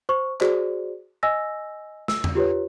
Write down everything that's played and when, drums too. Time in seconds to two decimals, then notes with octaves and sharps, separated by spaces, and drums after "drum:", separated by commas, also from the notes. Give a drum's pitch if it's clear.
0.09 C5 C#6
0.41 F#4 G#4 C5 D5, drum: clap
1.23 D#5 G#5 E6 A#6
2.08 E6, drum: snare
2.24 drum: tom E2
2.35 F4 G4 B4 C#5